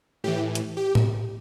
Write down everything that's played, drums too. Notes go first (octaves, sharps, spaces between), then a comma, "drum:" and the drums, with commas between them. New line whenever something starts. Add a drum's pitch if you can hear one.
A2 E3 G4
drum: hi-hat
G4
drum: tom A2